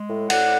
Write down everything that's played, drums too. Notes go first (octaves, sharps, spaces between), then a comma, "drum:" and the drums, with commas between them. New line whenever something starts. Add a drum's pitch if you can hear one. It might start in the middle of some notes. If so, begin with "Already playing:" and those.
Already playing: G#3
A2
A2 D5 F#5, drum: cymbal